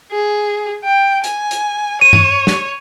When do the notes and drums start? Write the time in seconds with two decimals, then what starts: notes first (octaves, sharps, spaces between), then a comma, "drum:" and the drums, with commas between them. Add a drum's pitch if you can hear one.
0.11 G#4
0.84 G5
1.24 G#5, drum: hi-hat
1.51 drum: hi-hat
2.01 C#5 D#7
2.13 drum: tom G2
2.47 drum: snare